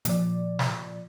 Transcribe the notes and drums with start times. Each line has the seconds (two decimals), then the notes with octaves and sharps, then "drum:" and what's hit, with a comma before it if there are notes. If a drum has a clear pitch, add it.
0.05 A#2 F3 D5, drum: hi-hat
0.59 drum: snare